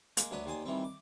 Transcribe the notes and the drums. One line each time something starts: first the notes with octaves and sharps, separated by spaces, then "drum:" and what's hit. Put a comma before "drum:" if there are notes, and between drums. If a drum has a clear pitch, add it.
G#3 A#3, drum: hi-hat
D2 F#3 D4 B4 D#6
D#2 D#3 C5 D5 G#5 D#6
D#3 E3 G3 C4
D6